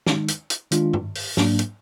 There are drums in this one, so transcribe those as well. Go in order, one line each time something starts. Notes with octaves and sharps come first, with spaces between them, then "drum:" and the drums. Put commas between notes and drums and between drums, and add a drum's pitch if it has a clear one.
D#3 G#3 D#4, drum: snare
drum: hi-hat
drum: hi-hat
D#3 G#3 D4 F4, drum: hi-hat
drum: tom G2
drum: open hi-hat
G#2 F#3 A#3 D4, drum: snare
drum: hi-hat